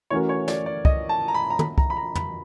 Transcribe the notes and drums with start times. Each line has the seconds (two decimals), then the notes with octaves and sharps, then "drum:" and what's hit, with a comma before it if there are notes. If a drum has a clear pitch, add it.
0.10 E3 A3 C#4 F#4 A#4 C#5
0.29 C#5
0.48 D5, drum: snare
0.66 D5
0.85 D#5, drum: kick
1.09 A5
1.28 A#5
1.34 B5
1.50 A#5
1.59 B5, drum: tom
1.78 A#5, drum: kick
1.90 B5
1.97 A#5
2.15 B5, drum: tom